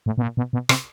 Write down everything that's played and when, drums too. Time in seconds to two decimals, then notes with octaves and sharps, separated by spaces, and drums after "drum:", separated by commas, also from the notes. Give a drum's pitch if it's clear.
0.06 A2
0.18 B2
0.22 A#2
0.37 B2
0.53 B2
0.69 C3, drum: rim click